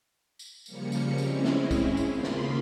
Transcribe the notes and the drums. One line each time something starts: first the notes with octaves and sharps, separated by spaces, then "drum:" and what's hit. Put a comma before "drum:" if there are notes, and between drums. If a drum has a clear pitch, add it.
drum: tambourine
C#3 F3 G3 A#3 C#7, drum: tambourine
drum: tambourine
G#3 C4 C#4 E4, drum: tambourine
drum: snare
drum: kick B1, tambourine
drum: tambourine
D#2 C#3 A#3 F4 B5 C6
drum: snare